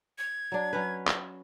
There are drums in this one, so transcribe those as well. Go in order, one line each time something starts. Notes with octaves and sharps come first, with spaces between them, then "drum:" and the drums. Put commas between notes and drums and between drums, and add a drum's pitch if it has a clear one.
G#6
F#3 D4
F#3 C#4 B4
drum: clap